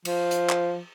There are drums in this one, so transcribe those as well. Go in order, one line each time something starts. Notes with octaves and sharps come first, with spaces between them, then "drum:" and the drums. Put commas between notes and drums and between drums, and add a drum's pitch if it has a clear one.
F3, drum: cymbal
drum: hi-hat
drum: clap